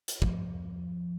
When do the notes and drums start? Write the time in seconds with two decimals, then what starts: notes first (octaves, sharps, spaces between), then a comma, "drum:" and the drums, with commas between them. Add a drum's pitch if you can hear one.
0.08 drum: hi-hat
0.22 F2 F3, drum: kick